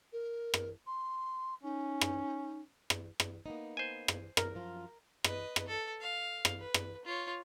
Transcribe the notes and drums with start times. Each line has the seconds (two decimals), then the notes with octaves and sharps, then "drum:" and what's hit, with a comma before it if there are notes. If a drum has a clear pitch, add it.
0.12 A#4
0.54 drum: rim click
0.86 C6
1.63 C#4 D#4
2.01 drum: rim click
2.90 drum: rim click
3.20 drum: rim click
3.46 A#3 B3 D#4
3.77 C5 G#5
4.08 drum: rim click
4.37 A#4, drum: rim click
4.54 F#2 F3 F4
5.24 B4 D#5, drum: rim click
5.56 drum: rim click
5.67 A4
6.01 F5
6.45 drum: rim click
6.60 B4
6.74 drum: rim click
7.04 F4 C#5